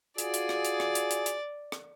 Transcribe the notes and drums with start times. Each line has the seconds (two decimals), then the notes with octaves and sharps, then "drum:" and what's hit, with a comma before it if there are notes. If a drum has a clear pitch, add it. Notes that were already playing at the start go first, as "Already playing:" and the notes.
0.18 F4 F#4 G#4 D5, drum: hi-hat
0.34 drum: hi-hat
0.49 drum: rim click
0.65 drum: hi-hat
0.80 drum: rim click
0.95 drum: hi-hat
1.11 drum: hi-hat
1.26 drum: hi-hat
1.72 drum: rim click